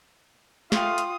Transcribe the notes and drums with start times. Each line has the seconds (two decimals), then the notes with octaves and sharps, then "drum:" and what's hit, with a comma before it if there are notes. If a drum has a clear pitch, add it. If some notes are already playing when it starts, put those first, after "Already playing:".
0.72 A3 F4 F5 G5 C6 C#6 D#6, drum: snare
0.98 drum: hi-hat